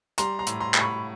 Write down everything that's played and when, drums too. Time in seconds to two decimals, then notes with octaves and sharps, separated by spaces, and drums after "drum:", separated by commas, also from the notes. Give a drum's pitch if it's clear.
0.18 G3 A#5 C6, drum: hi-hat
0.39 A#5 C6
0.47 A2, drum: hi-hat
0.60 A#5 C6
0.74 A2, drum: clap
0.80 B5 C#6